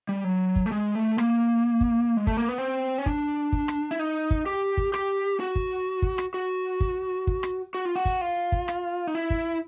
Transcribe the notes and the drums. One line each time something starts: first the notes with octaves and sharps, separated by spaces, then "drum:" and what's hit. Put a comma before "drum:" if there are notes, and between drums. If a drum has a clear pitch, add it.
G3
F#3
drum: kick
A3
G#3
A3
A#3, drum: rim click
drum: kick
G#3
A3, drum: kick
A#3
B3
C4
C#4
D4, drum: kick
drum: kick
drum: rim click
E4
D#4
drum: kick
G4
drum: kick
G4, drum: rim click
F#4
drum: kick
drum: kick
drum: rim click
F#4
drum: kick
drum: kick
drum: rim click
F#4
F4
F#4
drum: kick
F4
drum: kick
drum: rim click
D#4
E4
drum: kick